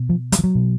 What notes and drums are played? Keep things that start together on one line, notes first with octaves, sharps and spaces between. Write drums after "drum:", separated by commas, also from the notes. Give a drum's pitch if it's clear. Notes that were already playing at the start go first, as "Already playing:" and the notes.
Already playing: B2
F3
G3, drum: hi-hat
F3
F#3
B2